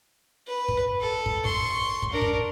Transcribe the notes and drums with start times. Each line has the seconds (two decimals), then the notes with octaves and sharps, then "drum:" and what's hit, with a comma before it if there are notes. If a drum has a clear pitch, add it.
0.46 B4
0.69 drum: kick
1.00 A4
1.26 drum: kick
1.45 C6 C#6, drum: kick
2.02 drum: kick
2.12 D4 A#4
2.22 drum: kick